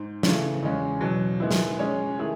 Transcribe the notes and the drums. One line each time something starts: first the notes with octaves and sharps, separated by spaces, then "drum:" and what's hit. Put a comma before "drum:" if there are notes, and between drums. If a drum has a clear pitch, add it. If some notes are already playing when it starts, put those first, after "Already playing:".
Already playing: G#2
C#3 E3 A3, drum: snare
E2 C#3 G#3 C#4
E2 B2 F#3
D#3 G#3 B3 E4
drum: snare
G#3 C#4 G#4 C#5
D#3 A3 E4 G#4